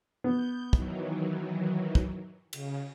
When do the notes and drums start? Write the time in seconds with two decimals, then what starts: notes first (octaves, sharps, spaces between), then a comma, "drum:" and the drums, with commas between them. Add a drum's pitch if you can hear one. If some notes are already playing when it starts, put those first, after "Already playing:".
0.24 B3 G6
0.73 D#3 E3 F#3, drum: kick
1.95 drum: kick
2.53 C#3, drum: cymbal